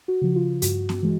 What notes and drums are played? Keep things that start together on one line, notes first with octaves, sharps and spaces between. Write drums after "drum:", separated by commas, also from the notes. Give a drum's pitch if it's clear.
F#4
C#3 F3
F4
G2 F#4, drum: hi-hat
drum: snare
E3 G#3